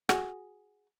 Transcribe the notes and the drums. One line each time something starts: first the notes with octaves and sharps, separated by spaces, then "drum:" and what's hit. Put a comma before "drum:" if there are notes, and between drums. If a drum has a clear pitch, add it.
F#4 G#4, drum: rim click